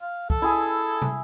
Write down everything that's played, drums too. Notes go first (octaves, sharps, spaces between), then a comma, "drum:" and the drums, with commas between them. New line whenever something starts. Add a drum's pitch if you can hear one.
F5
A4, drum: kick C2
E4 G#4
drum: tom